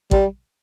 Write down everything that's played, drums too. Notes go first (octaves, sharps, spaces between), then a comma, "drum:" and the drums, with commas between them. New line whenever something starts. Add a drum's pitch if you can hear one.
G3, drum: kick